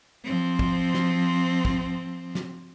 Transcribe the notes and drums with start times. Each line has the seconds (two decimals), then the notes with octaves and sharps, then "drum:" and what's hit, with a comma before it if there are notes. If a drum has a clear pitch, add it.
0.24 F3 C4
0.59 drum: kick
0.95 drum: snare
1.65 drum: kick
2.35 drum: snare